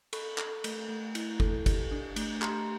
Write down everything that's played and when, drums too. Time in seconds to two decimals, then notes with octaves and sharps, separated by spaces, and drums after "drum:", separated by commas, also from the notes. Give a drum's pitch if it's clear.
0.13 A4 B5 C#6, drum: cymbal
0.38 A4, drum: clap
0.64 A3, drum: cymbal
0.89 A3
1.15 E4, drum: cymbal
1.40 A4, drum: kick G1
1.66 G4, drum: kick G1, cymbal
1.91 D4
2.16 A3, drum: cymbal
2.42 G4 A#5 C6, drum: clap